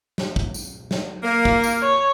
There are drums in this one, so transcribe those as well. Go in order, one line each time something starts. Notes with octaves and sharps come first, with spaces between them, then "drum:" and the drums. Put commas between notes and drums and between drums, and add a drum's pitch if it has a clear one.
drum: snare
drum: kick
drum: tambourine
drum: snare
A#3
drum: kick
drum: tambourine
C#5